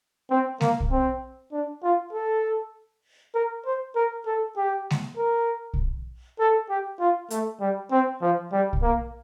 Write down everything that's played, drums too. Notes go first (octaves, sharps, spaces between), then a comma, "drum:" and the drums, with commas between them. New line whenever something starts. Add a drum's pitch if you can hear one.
C4
A#3, drum: snare G#3
drum: kick B1
C4
D4
F4
A4
A#4
C5
A#4
A4
G4
drum: snare G#3
A#4
drum: kick B1
A4
G4
F4
A3, drum: hi-hat
G3
C4
F3
G3
drum: kick B1
A#3